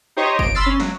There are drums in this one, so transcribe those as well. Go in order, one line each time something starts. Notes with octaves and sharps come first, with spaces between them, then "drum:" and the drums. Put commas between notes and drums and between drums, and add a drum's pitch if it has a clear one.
D#4 G4 C5 C#5 D#5
D7, drum: kick
B5 C6 E6 F6 A6 C7
C#4
F#3, drum: snare